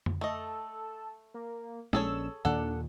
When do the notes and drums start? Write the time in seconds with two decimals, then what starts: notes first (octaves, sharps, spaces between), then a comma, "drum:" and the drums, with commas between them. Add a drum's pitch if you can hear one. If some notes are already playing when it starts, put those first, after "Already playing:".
0.06 drum: tom F2
0.21 A3 A4 D#5
1.34 A#3
1.93 A#1 C#4 G#4 A4 C#5 E6, drum: tom G#3
2.45 D#2 A#2 D#3 D4 A4 F#5